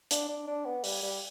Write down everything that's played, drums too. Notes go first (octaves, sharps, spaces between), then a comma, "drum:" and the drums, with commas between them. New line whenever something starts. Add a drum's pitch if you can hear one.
D4, drum: hi-hat
D4
D4
B3
G3, drum: open hi-hat
G3